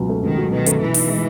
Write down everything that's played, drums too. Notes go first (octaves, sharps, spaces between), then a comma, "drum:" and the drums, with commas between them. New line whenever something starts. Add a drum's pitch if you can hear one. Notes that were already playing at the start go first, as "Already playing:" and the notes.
Already playing: C#2 B2 F#3
A3
C#2 D#3
F#3
B2 D#3
A3, drum: hi-hat
B2 E3
D#4, drum: open hi-hat
G#3